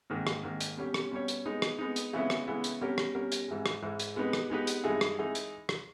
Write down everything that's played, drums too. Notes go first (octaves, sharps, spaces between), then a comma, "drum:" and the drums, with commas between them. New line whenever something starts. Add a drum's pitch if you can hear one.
G#2 D#3 A#3
drum: rim click
G#2 D#3 A#3
drum: hi-hat
B2 G3 C#4 G4 C#5
drum: rim click
B2 G3 C#4 G4 C#5
drum: hi-hat
G#3 B3 D#4
drum: rim click
G#3 B3 D#4
drum: hi-hat
C#3 E3 G#3 B3 E4
drum: rim click
C#3 E3 G#3 B3 E4
drum: hi-hat
B2 G3 C#4 G4 A#4
drum: rim click
B2 G3 C#4 G4 A#4
drum: hi-hat
G#2 E3 G#3
drum: rim click
G#2 E3 G#3
drum: hi-hat
G#3 B3 D#4 G4 B4
drum: rim click
G#3 B3 D#4 G4 B4
drum: hi-hat
G2 E3 G#3 D#4 G#4
drum: rim click
E3 G#3 D#4 G#4
drum: hi-hat
drum: rim click